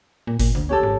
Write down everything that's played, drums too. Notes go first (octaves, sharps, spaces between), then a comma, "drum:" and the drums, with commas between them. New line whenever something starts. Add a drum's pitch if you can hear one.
A#2
A#2, drum: kick G1, open hi-hat
D2
C#4 G4 A4
G#1